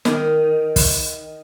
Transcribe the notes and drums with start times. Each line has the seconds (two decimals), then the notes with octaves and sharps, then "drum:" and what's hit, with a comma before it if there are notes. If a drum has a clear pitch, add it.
0.05 D#3, drum: snare
0.76 drum: kick, open hi-hat